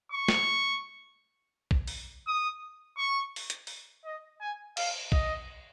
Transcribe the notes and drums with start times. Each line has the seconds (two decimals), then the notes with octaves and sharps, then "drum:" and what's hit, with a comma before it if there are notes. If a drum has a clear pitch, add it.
0.12 C#6
0.28 drum: snare
1.71 drum: kick
1.87 drum: open hi-hat
2.27 D#6
2.98 C#6
3.36 drum: open hi-hat
3.50 drum: hi-hat
3.67 drum: open hi-hat
4.05 D#5
4.41 G#5
4.77 F5, drum: cymbal
5.12 D#5, drum: kick